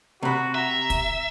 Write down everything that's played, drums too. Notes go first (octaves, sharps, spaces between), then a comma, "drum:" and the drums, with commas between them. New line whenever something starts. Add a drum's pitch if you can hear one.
C3 F#4 B5
E5 A#5
drum: kick, hi-hat